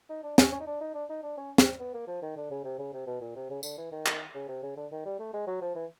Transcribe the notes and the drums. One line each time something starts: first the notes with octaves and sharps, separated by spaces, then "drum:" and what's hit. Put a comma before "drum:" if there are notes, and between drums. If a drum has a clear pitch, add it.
D#4
D4
C#4, drum: snare
C#4
D#4
D4
D#4
D4
D#4
D4
C#4
C4, drum: snare
B3
A#3
F3
D#3
D3
C#3
C3
C#3
C3
B2
A#2
C3
C#3
D3, drum: tambourine
E3
D#3
drum: clap
C#3
C3
C#3
D3
D#3
G3
A3
G#3
F#3
F3
E3